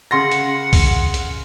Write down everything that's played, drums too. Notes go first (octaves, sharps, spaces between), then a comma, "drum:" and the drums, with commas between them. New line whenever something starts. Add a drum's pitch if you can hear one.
C#3 F#5 C6 A#6
drum: hi-hat
drum: kick, open hi-hat
drum: hi-hat